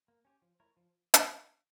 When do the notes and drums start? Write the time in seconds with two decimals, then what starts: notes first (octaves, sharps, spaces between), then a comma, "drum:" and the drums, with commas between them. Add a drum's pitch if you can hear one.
0.08 A#3
0.25 C#4 G4 C#5
0.42 F3
0.60 A3 E4 A#4 C#5
0.77 F3
1.14 drum: hi-hat